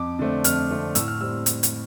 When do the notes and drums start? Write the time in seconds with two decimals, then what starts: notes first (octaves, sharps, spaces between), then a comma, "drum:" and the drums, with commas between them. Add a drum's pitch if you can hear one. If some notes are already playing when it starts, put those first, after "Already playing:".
Already playing: F2 D6
0.19 D3 A3 C4
0.44 F2 F6, drum: hi-hat
0.70 D3 A3 C4
0.95 A2 E6, drum: hi-hat
1.08 F6
1.21 G3 C4 E6
1.46 drum: hi-hat
1.63 drum: hi-hat